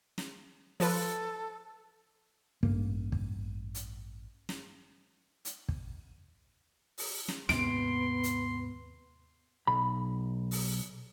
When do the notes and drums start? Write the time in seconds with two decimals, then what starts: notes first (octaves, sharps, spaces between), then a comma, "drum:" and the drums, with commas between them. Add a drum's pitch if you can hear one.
0.18 drum: snare
0.80 F3 F4 A4 B4, drum: open hi-hat
2.63 A1 G2 A#3, drum: kick
3.12 drum: kick
3.75 drum: hi-hat
4.49 drum: snare
5.45 drum: hi-hat
5.69 drum: kick
6.98 drum: open hi-hat
7.28 drum: snare
7.49 D#2 G#2 C3 B3 C6 D7, drum: snare
8.23 drum: hi-hat
9.67 B1 B5
10.51 drum: open hi-hat